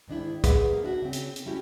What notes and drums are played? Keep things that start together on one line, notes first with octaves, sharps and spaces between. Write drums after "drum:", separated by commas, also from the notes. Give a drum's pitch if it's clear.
G#2 D#3 D4 E4
G4 G#4 B4 E5 F#5, drum: kick, hi-hat
F3 A#3
D4 E4 F#4 E5
C#3 C4
drum: hi-hat
drum: hi-hat
A3 C#4 E4 F#4 G4